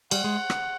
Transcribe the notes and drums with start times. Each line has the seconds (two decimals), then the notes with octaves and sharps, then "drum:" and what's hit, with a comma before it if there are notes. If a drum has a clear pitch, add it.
0.11 G3 F#5, drum: cymbal
0.24 G#3
0.50 drum: rim click